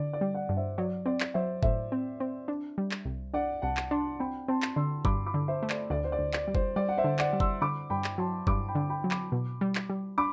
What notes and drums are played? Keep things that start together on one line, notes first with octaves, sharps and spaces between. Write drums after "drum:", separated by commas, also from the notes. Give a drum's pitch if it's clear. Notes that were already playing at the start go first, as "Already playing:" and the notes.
Already playing: D3 D5
D5
G3
D5 F#5
G2
C5 E5
F#3 D5
C4 D5
drum: clap
F#3 C5 E5
A2 C5 E5, drum: kick F#1
C4
C4
D4
G3
drum: clap
C2
D4 D5 F#5
C2 F#5 A5
drum: clap
D4 A5 C6
C4 G5 B5
C4 A5 C6
drum: clap
D3 C6 E6
G2 B5 D6, drum: kick F#1
B5 D6
D3
C5 E5
A3
D5, drum: clap
D2 D5
C5
D5
D2
D5, drum: clap
G3
C5, drum: kick F#1
G3 D5
F#5
C5 E5
D3
D5 F#5, drum: clap
G3
C6 E6, drum: kick F#1
D3 B5 D6
G2 G5 B5
drum: clap
F#3 A5 C6
G2 B5 D6, drum: kick F#1
G5 B5
D3
G5 B5
F#3
B5 D6, drum: clap
B2
G3
drum: clap
G3
D4 B5 D6